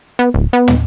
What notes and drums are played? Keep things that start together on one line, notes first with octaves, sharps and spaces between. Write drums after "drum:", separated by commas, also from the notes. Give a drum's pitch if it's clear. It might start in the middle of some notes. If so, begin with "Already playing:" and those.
B3
D1
B3
drum: tom